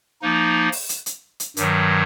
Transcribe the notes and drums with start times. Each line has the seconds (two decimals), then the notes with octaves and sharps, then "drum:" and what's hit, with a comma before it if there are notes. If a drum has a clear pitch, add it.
0.22 F3 A#3 D#4
0.72 drum: open hi-hat
0.89 drum: hi-hat
1.06 drum: hi-hat
1.40 drum: hi-hat
1.57 G2 D#3 F#3, drum: hi-hat